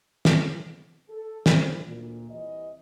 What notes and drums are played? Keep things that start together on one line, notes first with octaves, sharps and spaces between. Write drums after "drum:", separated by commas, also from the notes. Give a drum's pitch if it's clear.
drum: snare
A4
E3 F3 G#3 D4 E4 C5, drum: snare
D2 A#2
C2 E3 D#5